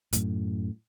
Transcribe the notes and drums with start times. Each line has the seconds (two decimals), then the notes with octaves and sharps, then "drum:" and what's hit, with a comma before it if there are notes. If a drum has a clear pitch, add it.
0.13 F#2 A2, drum: hi-hat